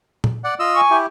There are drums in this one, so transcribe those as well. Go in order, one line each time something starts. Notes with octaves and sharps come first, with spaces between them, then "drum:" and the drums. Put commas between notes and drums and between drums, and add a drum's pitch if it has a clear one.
drum: tom A#2
D5 F#5
F4 D#5 E6
G#5 C#6
E4 G4